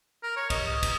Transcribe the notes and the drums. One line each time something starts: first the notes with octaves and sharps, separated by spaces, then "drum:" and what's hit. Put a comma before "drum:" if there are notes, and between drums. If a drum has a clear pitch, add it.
A#4
C#5
D#5, drum: kick, cymbal
drum: kick, cymbal